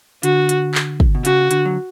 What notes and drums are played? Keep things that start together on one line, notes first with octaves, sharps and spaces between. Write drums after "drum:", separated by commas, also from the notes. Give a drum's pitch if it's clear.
D3 F#4, drum: hi-hat
drum: hi-hat
drum: clap
drum: kick
B2
C#3 F#4, drum: hi-hat
D3, drum: hi-hat
F#3